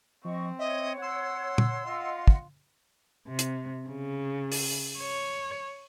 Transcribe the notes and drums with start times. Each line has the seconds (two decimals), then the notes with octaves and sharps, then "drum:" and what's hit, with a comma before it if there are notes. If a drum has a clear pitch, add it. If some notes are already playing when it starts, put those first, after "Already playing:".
0.25 F3 C4 D#5 C#6
0.59 C#5 D#5 E5
1.02 F#5 C6 E6
1.58 drum: tom
1.85 F4 D#5 F#5
2.27 drum: kick
3.27 C3
3.39 drum: hi-hat
3.88 C#3
4.52 drum: open hi-hat
4.99 C#5